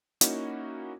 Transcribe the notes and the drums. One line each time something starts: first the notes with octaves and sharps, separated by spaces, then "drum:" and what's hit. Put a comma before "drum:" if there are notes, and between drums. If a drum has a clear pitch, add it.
A#3 C#4 D#4 E4 F#4, drum: hi-hat